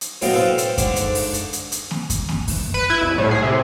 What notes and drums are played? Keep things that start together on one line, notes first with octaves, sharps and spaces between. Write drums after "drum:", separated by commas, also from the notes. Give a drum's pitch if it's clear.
drum: hi-hat
F#2 A2 B3 D#5 F5 G5, drum: open hi-hat
A4 B4 C5 F5 G5
drum: hi-hat
G#2 D3 D4, drum: kick F#2, hi-hat
drum: hi-hat
drum: open hi-hat
drum: hi-hat
drum: hi-hat
drum: hi-hat
drum: snare A#3
drum: kick F#2, hi-hat
drum: snare A#3
drum: kick F#2, open hi-hat
B4
E4
C2
A2
G#4
C3